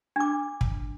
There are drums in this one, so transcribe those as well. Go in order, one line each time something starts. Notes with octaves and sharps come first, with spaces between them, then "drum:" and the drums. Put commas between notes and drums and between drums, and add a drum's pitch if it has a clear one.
D4 D6
drum: kick